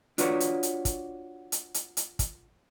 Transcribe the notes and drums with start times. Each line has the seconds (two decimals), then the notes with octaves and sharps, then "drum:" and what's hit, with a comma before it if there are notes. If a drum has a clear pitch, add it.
0.18 D4 F4 F#4 B4 C#5, drum: hi-hat
0.40 drum: hi-hat
0.63 drum: hi-hat
0.85 drum: kick, hi-hat
1.52 drum: hi-hat
1.74 drum: hi-hat
1.97 drum: hi-hat
2.19 drum: kick, hi-hat